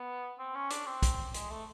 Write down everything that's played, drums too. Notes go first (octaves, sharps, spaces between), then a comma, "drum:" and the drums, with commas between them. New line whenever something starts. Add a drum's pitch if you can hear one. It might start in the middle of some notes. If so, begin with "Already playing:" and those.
Already playing: B3
C4
C#4
D4, drum: hi-hat
C4
drum: kick, hi-hat
G#3, drum: hi-hat
A3